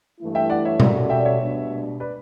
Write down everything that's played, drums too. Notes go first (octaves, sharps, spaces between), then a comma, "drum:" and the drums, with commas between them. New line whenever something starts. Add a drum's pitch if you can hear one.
G2 E3 A3 E4
E5 G5
D5 F#5
C#5 E5
G3 C#4 F#4 A4 D5, drum: tom B2
E5 G5
C#5 E5
B2 G3 D4
B4 D5